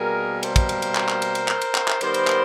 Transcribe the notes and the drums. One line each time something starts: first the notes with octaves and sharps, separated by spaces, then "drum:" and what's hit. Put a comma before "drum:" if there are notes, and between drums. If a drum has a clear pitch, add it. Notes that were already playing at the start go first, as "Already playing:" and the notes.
Already playing: B2 G3 A#3 G#4 A#4
A#4 C5, drum: cymbal
drum: kick, cymbal
drum: cymbal
drum: cymbal
drum: clap
drum: clap
drum: cymbal
drum: cymbal
drum: clap
drum: cymbal
drum: clap
drum: clap
D#3 G3 B3 A#4 C5, drum: cymbal
drum: cymbal
drum: clap